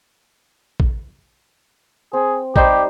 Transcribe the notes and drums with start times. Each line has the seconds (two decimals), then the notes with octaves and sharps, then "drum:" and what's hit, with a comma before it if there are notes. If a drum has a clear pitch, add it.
0.80 drum: kick
2.13 C4 G#4
2.56 G3 D#4 G4 C5, drum: kick